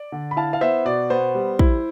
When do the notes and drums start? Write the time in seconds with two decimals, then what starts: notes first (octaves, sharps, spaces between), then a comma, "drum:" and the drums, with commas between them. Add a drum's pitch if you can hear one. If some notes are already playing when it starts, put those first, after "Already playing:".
Already playing: D5
0.12 D3
0.31 B5
0.36 E4 F5 A5
0.53 F5
0.61 B3 C5 E5
0.85 B2 D5
1.10 B3 C5
1.35 G3
1.59 E4, drum: kick